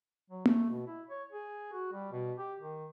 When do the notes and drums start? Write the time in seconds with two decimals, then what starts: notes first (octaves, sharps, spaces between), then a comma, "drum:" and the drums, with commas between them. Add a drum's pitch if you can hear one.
0.30 F#3
0.46 A3, drum: tom A#3
0.69 B2
0.87 E4
1.10 C#5
1.32 G#4
1.73 F#4
1.93 G3
2.12 B2
2.38 G4
2.60 D#3